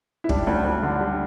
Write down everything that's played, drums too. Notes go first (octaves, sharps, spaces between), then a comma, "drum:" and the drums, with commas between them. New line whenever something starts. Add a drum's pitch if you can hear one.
E4
G3 D4, drum: kick
D2
D2
D3
G3